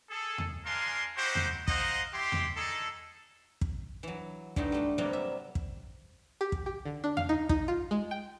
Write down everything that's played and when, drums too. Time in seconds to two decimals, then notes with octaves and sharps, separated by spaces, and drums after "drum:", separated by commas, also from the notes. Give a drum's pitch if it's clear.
0.10 G#4 A4
0.38 drum: tom E2
0.65 G#3 D4 A#4 F5 G#5 C6
1.16 D#4 E4 F#4 G4 C5
1.35 drum: tom E2
1.68 C4 D#4 C5 D#5 F5 F#5, drum: kick
2.13 E4 G4 C6
2.32 drum: tom E2
2.56 D4 D#4 G#4 A4
3.61 drum: kick
4.03 E3 F#3
4.56 G2 D3 E3 G3 A3 D#4, drum: kick
4.72 G3 A3 D4
4.98 C3 F#3 G3 A#3 B3
5.13 E5
5.55 drum: kick
6.41 G4
6.52 drum: kick
6.66 G4
6.85 D3
7.04 D4
7.17 F5, drum: tom E2
7.29 D#4
7.49 D#4, drum: kick
7.68 F4
7.91 G#3
8.11 G5